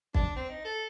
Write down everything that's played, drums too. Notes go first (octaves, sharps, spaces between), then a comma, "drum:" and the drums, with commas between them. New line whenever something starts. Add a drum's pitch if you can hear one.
D4, drum: kick
C4
D#4
A4